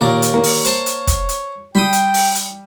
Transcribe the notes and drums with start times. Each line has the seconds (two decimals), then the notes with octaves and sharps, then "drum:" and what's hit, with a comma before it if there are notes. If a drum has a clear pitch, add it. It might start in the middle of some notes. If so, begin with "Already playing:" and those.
0.01 D#2 A#2 A#4 C#5 D5
0.22 drum: hi-hat
0.34 A#3
0.43 drum: open hi-hat
0.65 C5 A5, drum: hi-hat
0.86 drum: hi-hat
1.07 drum: kick, hi-hat
1.29 drum: hi-hat
1.75 G3 G5 B5 C6 D#6
1.93 drum: hi-hat
2.14 drum: open hi-hat
2.35 drum: hi-hat